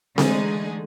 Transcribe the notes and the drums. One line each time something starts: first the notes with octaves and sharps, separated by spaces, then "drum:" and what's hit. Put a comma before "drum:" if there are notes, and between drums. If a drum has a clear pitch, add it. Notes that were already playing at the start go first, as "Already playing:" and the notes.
D3 E3 G#3 A3 D#4 G#4, drum: snare C4